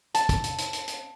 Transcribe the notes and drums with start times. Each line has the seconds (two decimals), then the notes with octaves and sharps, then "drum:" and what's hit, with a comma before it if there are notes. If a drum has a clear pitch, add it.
0.14 A5, drum: hi-hat
0.29 drum: kick, hi-hat
0.44 drum: hi-hat
0.58 drum: hi-hat
0.73 drum: hi-hat
0.88 drum: hi-hat